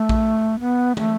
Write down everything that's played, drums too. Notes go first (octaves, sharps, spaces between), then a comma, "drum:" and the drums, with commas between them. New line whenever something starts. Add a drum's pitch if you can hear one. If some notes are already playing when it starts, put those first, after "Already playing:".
Already playing: A3
drum: kick A#1
B3
A3, drum: tom